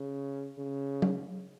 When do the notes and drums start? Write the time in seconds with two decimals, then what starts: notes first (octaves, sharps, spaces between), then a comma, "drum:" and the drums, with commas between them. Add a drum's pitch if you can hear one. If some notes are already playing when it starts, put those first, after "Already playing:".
Already playing: C#3
0.58 C#3
1.02 drum: tom F#3